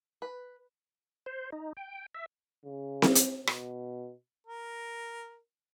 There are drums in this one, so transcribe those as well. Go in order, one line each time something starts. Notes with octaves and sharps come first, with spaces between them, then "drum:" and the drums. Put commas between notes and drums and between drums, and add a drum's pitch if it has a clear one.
B4
C5
D#4
G5
E5
C#3
drum: snare C4
drum: hi-hat
B2, drum: rim click
A#4